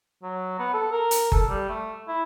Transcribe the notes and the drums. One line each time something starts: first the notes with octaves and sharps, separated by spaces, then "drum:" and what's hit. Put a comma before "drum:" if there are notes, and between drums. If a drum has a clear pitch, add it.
F#3
B3
A4
A#4
drum: hi-hat
A4, drum: kick F#1
G3
A3
E4